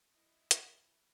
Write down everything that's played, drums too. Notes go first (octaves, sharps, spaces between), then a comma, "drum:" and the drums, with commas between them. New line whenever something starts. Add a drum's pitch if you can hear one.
E4 D#5
B5, drum: hi-hat